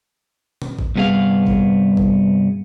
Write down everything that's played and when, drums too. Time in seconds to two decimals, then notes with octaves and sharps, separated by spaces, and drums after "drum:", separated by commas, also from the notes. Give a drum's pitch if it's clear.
0.62 drum: tom B2
0.79 drum: kick
0.96 C2 G2 B3 G#4 F5
1.46 drum: kick
1.97 drum: kick